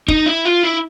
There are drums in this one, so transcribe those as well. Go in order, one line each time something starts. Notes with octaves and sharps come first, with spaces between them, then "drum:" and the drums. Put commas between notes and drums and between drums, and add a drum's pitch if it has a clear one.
D#4, drum: kick
E4
F4
E4